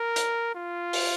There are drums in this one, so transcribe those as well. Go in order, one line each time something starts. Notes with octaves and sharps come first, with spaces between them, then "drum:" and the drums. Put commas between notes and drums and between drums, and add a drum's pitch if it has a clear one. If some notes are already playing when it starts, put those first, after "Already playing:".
Already playing: A#4
drum: hi-hat
F4
drum: open hi-hat